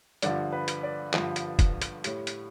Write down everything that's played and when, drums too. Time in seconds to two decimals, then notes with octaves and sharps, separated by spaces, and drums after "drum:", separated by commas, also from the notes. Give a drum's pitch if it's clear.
0.22 G2 D3 F3 D5, drum: hi-hat
0.53 B4
0.68 drum: hi-hat
0.83 D5
1.14 G2 D3 F3, drum: clap
1.36 drum: hi-hat
1.59 drum: kick, hi-hat
1.82 drum: hi-hat
2.04 A2 G3, drum: hi-hat
2.27 drum: hi-hat